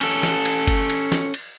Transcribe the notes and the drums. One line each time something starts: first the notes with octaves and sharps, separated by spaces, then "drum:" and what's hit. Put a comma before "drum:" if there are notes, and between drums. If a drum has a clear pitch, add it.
C#4 A4, drum: cymbal
drum: snare
drum: cymbal
drum: kick F#1, cymbal
drum: cymbal
drum: snare
drum: cymbal